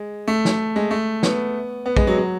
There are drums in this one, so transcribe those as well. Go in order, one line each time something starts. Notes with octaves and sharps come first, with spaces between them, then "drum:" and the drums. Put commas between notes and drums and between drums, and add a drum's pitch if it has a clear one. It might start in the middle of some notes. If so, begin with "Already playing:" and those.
Already playing: G#3
A3
drum: snare
G#3
A3
B3, drum: snare
B3
G#3, drum: kick
F#3
F#3